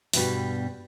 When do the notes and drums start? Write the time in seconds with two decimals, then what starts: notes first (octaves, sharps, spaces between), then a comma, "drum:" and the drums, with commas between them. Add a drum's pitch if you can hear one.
0.13 G2 B2 G3, drum: open hi-hat